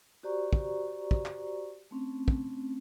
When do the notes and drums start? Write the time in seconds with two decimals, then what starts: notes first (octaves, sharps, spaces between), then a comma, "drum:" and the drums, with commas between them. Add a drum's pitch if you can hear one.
0.23 F#4 G4 C5 D5 A#5 C#6
0.53 drum: kick
1.11 drum: kick
1.26 drum: clap
1.91 A3 C4 C#4
2.28 drum: kick